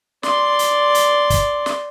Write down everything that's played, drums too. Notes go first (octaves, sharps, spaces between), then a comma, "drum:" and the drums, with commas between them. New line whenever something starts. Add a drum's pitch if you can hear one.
D5 C6, drum: snare
drum: hi-hat
drum: hi-hat
drum: kick, hi-hat
drum: snare